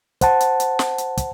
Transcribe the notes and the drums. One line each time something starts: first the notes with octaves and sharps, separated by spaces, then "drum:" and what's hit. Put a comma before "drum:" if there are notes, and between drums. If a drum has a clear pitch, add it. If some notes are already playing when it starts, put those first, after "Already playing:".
C5 F#5 A5, drum: kick, hi-hat
drum: hi-hat
drum: hi-hat
drum: snare
drum: hi-hat
drum: kick, hi-hat